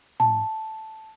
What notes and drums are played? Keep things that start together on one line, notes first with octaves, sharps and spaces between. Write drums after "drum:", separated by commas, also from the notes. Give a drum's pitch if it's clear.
A5, drum: tom